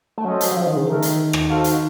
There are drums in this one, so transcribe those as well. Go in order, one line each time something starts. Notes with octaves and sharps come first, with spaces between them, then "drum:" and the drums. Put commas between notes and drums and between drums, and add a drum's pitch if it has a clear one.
A3
F#3 C#4 F#4 A4 C5 D#5
drum: hi-hat
F#3
F3
D#3
C#3
F3
D#3 A3 D#4 A#4
drum: hi-hat
drum: rim click
F#4 A4 C5 F5
drum: hi-hat